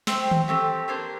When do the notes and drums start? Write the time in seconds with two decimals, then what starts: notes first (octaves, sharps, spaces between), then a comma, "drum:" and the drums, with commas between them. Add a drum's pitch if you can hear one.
0.07 A3 C4 G4 C5, drum: snare
0.31 drum: tom D#3
0.48 A3 C4 G4
0.88 A#3 D4 G4 C5